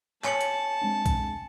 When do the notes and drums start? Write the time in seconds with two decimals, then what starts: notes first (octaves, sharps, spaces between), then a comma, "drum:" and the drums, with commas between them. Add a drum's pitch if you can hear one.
0.24 C#5 G#5 A5 C#7 F#7, drum: clap
0.41 drum: hi-hat
0.82 G#3 C4 D4
1.06 drum: kick B1, hi-hat